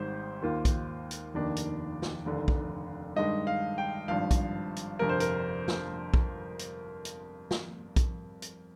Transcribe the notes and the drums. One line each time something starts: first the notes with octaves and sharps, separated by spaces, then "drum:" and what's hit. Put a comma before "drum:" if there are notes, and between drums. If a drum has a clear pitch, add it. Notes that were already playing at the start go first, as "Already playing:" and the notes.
Already playing: G#1 G#2 D#3 G3 C5
D#2 D#3 A#3 F4
drum: kick A#1, hi-hat
drum: hi-hat
F1 D#2 D#3 A#3 D4
drum: hi-hat
drum: snare
F1 D#2 D3
drum: kick A#1
G2 D#3 G#3 D#5
F5
G5
G#1 G2 F3 F5
drum: kick A#1, hi-hat
drum: hi-hat
G1 F2 C3 A#4
C5
A#4, drum: hi-hat
drum: snare
drum: kick A#1
drum: hi-hat
drum: hi-hat
drum: snare
drum: kick A#1, hi-hat
drum: hi-hat